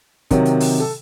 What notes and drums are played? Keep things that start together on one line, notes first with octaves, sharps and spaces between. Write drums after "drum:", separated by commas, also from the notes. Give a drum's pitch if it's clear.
C3 D#3 F#3, drum: kick, hi-hat
drum: hi-hat
drum: open hi-hat
A4